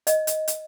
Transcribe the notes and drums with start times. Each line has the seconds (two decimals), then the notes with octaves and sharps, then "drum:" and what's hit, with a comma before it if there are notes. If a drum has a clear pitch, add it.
0.07 D#5, drum: hi-hat
0.27 drum: hi-hat
0.48 drum: hi-hat